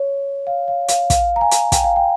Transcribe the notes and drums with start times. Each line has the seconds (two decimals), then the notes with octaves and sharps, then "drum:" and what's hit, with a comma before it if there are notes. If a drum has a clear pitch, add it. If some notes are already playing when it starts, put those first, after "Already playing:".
Already playing: C#5
0.47 F5
0.68 F5
0.88 F5, drum: hi-hat
1.10 F5, drum: kick, hi-hat
1.36 A#5
1.41 G#5
1.51 drum: hi-hat
1.72 G5, drum: kick, hi-hat
1.84 F5
1.96 G5